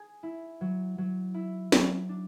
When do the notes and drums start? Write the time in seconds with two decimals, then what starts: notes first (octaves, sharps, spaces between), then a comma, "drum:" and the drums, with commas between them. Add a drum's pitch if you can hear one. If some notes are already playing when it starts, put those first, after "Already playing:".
Already playing: G#4
0.23 E4
0.61 F#3
0.98 F#3
1.34 E4
1.72 F#3, drum: snare
2.09 D4